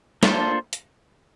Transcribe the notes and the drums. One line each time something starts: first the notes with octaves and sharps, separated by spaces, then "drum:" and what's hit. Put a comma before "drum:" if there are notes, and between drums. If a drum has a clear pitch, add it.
A#3 D4 F4 A4 C5, drum: snare
drum: hi-hat